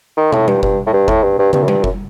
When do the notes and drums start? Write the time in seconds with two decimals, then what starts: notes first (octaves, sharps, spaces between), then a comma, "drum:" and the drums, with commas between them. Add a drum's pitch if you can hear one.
0.17 D#3
0.33 A2, drum: tom
0.48 G2, drum: tom G3
0.63 G2, drum: kick F#1
0.86 A2
0.93 G2
1.08 A2, drum: kick F#1
1.23 G2
1.39 G2
1.53 G2, drum: tom
1.63 F#2
1.68 G2, drum: tom G3
1.84 F#2, drum: kick F#1